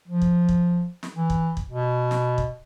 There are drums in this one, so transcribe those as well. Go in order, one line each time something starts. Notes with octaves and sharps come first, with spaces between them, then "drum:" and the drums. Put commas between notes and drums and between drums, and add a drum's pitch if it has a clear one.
F3
drum: kick
drum: kick
drum: snare
E3
drum: kick
drum: kick
B2
drum: snare
drum: kick